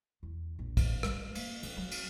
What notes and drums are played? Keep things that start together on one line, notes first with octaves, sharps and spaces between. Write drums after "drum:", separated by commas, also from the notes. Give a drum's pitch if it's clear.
E2
A#1
drum: kick, cymbal
G3, drum: rim click
A#3, drum: cymbal
D3, drum: cymbal
F#3
drum: cymbal